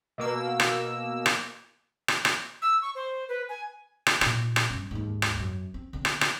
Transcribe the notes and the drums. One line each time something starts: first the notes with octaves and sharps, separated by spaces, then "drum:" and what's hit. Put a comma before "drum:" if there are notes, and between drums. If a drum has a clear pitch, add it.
B2 A#3 E6
drum: rim click
drum: rim click
drum: rim click
drum: rim click
E6
C#6
C5
B4
G#5
drum: rim click
A#2 D#4, drum: rim click
drum: rim click
G2 C#4
D#2 G#2
drum: rim click
F#2
C4
D3 C4
drum: rim click
drum: rim click